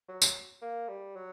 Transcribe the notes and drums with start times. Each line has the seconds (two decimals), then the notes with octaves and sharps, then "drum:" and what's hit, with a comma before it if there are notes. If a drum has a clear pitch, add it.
0.08 F#3
0.22 drum: tambourine
0.62 A#3
0.89 G3
1.16 F#3